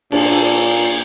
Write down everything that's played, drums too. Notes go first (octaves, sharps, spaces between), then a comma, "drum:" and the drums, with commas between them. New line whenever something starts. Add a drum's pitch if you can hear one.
A#2 D4, drum: cymbal